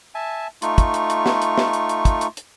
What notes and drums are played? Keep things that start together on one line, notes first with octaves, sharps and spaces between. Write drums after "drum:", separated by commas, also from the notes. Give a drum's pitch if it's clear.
E5 G#5 A5
A3 D#4 F4 C#6, drum: hi-hat
drum: kick, hi-hat
drum: hi-hat
drum: hi-hat
drum: snare
drum: hi-hat
drum: snare
drum: hi-hat
drum: hi-hat
drum: kick, hi-hat
drum: hi-hat
drum: hi-hat